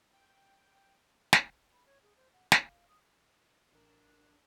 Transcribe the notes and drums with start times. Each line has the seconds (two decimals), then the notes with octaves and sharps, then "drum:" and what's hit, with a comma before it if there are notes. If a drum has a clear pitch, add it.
0.13 G5
1.33 drum: snare
1.72 B5
1.86 C#5
2.03 G#4
2.16 C5
2.33 F#5
2.52 B4, drum: snare
2.64 F5
2.89 D#6
3.73 A1 D4 A#4